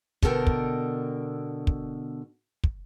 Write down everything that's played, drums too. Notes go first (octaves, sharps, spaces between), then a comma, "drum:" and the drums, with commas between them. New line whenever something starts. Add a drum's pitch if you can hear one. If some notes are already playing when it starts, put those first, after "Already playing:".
B2 D3 A4 A#4 G5, drum: kick
drum: kick
drum: kick
drum: kick